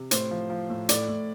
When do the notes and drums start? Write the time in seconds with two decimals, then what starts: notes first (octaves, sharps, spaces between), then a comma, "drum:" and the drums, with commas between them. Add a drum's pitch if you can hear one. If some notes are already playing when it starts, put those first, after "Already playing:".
Already playing: C3
0.11 A2 C5, drum: hi-hat
0.31 F3
0.50 F3
0.70 A2
0.89 A2 D5, drum: hi-hat
1.08 A2